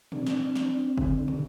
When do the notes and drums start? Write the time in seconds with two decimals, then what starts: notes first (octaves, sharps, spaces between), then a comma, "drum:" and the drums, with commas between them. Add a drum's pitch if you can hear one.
0.12 C4 D4, drum: tom
0.26 drum: snare
0.55 drum: snare
0.98 D3, drum: kick
1.28 drum: tom